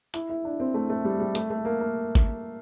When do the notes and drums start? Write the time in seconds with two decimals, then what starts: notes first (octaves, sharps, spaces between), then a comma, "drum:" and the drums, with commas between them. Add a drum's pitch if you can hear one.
0.14 E4, drum: hi-hat
0.30 E4
0.45 D4
0.60 C4
0.74 A3
0.90 A3
1.04 G3
1.20 G3
1.35 A3, drum: hi-hat
1.50 A3
1.65 A#3
1.80 A#3
2.15 drum: kick, hi-hat